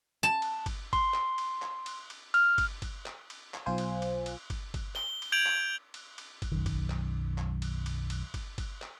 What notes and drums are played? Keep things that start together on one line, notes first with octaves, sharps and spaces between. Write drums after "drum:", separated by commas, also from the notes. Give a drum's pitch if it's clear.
A5
drum: cymbal
drum: kick G1, cymbal
C6, drum: kick G1, cymbal
drum: clap
drum: cymbal
drum: clap
drum: cymbal
drum: cymbal
F6, drum: cymbal
drum: kick G1, cymbal
drum: kick G1, cymbal
drum: clap
drum: cymbal
drum: clap
B1 F4 C5 G#5
drum: cymbal
drum: cymbal
drum: cymbal
drum: kick G1, cymbal
drum: kick G1, cymbal
G7, drum: clap
drum: cymbal
G6 G#6 D7 F7 F#7
drum: clap
drum: cymbal
drum: cymbal
drum: kick G1, cymbal
B1 F#2 D#3
drum: kick G1, cymbal
drum: clap
drum: clap
drum: cymbal
drum: cymbal
drum: cymbal
drum: kick G1, cymbal
drum: kick G1, cymbal
drum: clap